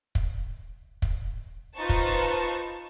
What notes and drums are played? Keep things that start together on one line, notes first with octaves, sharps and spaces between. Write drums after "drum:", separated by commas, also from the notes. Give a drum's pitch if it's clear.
drum: kick
drum: kick
D#4 F4 B4 C5 A5 C#6
drum: kick